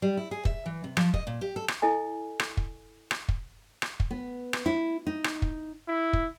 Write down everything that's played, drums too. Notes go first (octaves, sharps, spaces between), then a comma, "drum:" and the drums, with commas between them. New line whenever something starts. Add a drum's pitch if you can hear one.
G3
E4
G#4
E5, drum: kick
E3
C3
F3, drum: rim click
D#5, drum: kick
A#2
G4
A4
drum: rim click
E4 A4 D#5 G#5
drum: rim click
drum: kick
drum: rim click
drum: kick
drum: rim click
drum: kick
B3
drum: rim click
E4
D#4
drum: rim click
drum: kick
E4
drum: kick